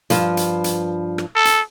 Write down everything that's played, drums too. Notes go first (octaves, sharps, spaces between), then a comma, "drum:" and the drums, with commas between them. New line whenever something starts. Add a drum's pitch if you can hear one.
G2 F3, drum: hi-hat
drum: hi-hat
drum: hi-hat
drum: rim click
A4
drum: hi-hat